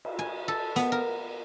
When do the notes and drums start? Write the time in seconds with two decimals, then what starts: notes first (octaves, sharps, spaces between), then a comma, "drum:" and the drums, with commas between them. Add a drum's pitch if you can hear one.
0.05 drum: cymbal
0.19 G#5
0.48 A4
0.76 B3, drum: hi-hat
0.92 A#4